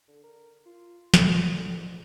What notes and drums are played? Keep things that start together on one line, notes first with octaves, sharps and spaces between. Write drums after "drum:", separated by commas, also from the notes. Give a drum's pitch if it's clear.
D3
A#4
F4
A#2, drum: snare
D3
G#2